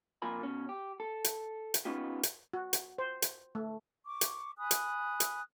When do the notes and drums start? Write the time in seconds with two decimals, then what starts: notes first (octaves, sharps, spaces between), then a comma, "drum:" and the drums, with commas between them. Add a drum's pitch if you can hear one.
0.22 F2 A#2 F4 A#4 G#5 B5
0.43 B2 C#4
0.69 G4
1.00 A4
1.24 drum: hi-hat
1.74 drum: hi-hat
1.85 B3 C#4 D#4 F4 G4
2.23 drum: hi-hat
2.53 F#4
2.73 drum: hi-hat
2.98 C5
3.22 drum: hi-hat
3.55 A3
4.05 C#6 D6
4.21 drum: hi-hat
4.58 G#5 B5 D#6 F#6
4.71 drum: hi-hat
5.20 drum: hi-hat